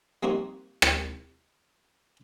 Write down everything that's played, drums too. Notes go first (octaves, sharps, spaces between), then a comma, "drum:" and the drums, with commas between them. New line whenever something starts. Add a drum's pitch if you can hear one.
G3 A#3 C4 D#4 F#4
drum: rim click